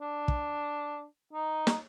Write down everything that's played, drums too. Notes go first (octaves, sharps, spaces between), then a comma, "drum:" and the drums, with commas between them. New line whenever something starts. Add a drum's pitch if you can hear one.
D4
drum: kick
D#4
drum: snare